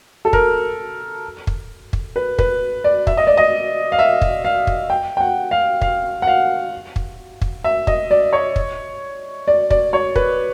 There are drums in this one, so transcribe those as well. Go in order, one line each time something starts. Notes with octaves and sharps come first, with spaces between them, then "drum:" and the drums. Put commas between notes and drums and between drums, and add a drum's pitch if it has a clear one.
A4
A#4, drum: kick
drum: kick
drum: kick
B4
B4, drum: kick
D5
E5, drum: kick
D#5
D5
D#5
F5
E5
drum: kick
F5
drum: kick
G5
G5
F#5
F5
F5, drum: kick
F#5
F5
drum: kick
drum: kick
E5
D#5, drum: kick
D5
C#5
drum: kick
D5
D5, drum: kick
C#5
B4, drum: kick